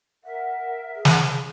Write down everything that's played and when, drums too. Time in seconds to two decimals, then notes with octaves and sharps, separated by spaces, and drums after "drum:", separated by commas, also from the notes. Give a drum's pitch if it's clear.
0.24 A#4 E5 F#5
0.96 G#4
1.05 drum: snare